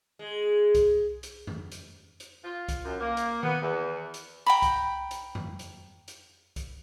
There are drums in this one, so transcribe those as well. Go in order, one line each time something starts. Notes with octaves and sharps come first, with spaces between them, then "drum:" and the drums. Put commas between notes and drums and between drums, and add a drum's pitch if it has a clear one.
G#3
drum: kick C2, hi-hat
drum: hi-hat
drum: tom F2
drum: hi-hat
drum: hi-hat
F4
drum: kick C2, hi-hat
F#2
A#3
drum: hi-hat
B3, drum: tom D#3
E2
drum: hi-hat
G5 A#5 B5
drum: kick C2, hi-hat
drum: hi-hat
drum: tom F2
drum: hi-hat
drum: hi-hat
drum: kick C2, hi-hat